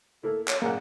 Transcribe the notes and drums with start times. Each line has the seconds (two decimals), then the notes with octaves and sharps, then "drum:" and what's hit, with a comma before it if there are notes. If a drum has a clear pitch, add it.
0.23 A3 A#3 E4 A4
0.48 C#5, drum: clap
0.62 F#2 A#2 A#3 G#4 F#5